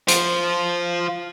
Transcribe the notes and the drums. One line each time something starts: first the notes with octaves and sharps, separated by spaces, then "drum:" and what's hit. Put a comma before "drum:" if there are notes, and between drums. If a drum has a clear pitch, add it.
F4 C5, drum: hi-hat